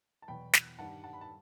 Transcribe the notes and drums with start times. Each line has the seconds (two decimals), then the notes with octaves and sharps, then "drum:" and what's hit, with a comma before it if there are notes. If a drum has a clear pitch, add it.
0.22 A5
0.28 E2 B2 F#3 G5 B5
0.53 drum: snare
0.79 G2 D#3 G3 F#5 A5
1.04 F#5 A5
1.13 B5
1.21 A5